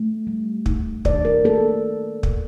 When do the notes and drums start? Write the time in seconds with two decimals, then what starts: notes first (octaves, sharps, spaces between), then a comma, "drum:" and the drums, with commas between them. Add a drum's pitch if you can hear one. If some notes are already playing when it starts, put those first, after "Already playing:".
Already playing: A3
0.27 G3
0.66 D#4, drum: kick
1.05 D#3 D5, drum: kick
1.25 A#4
1.44 A#3 A4
2.23 drum: kick